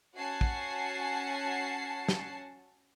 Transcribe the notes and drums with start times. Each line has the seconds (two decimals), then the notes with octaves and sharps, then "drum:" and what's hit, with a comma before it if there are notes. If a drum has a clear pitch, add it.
0.17 C#4 F#4 F#5 G#5 A5 C7
0.41 drum: kick
2.08 drum: snare